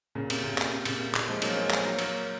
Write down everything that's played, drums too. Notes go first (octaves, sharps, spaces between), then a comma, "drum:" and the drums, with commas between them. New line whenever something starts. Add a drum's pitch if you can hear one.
A#2 C#3
C3, drum: cymbal
A#2 C#3
C3, drum: clap
C3
A#2 C#3, drum: cymbal
C3
A#2, drum: clap
F3 G#3
F#3 A#3, drum: cymbal
G#3 C4
drum: clap
F#3 A#3
F#3 A#3, drum: cymbal